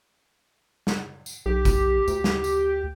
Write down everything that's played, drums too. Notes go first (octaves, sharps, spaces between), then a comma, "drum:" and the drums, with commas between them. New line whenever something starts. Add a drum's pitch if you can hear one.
drum: snare
drum: tambourine
B1 G4
drum: kick, tambourine
D2, drum: tambourine
drum: snare
drum: tambourine